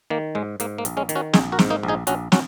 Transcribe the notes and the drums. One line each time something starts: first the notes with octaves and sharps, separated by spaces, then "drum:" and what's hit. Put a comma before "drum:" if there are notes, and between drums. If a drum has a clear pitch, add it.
D#3 A#3
G#2 G#3
G#2 A#3, drum: hi-hat
A#3
A#1, drum: hi-hat
G#3 C#4
D#3, drum: hi-hat
C#4 F#4
A#1 D#4 G#4, drum: snare
F#4 A#4
G#2, drum: snare
A#3 D#4
A#1
D#4 G#4
A#1 C#4 F#4, drum: hi-hat
C#4 F#4, drum: snare